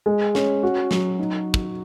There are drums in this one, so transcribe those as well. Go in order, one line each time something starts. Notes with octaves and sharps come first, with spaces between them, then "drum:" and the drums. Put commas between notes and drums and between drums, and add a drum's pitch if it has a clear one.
G#3
C#4, drum: snare
F#4
F#3, drum: snare
D#4
drum: kick